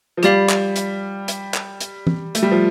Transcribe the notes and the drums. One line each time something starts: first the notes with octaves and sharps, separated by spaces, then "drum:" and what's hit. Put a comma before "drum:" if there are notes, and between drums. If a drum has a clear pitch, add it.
F3
G3 G4 D5 F5 B5, drum: hi-hat
drum: clap
drum: hi-hat
drum: hi-hat
drum: clap
drum: hi-hat
drum: tom
A3, drum: hi-hat
G3
F3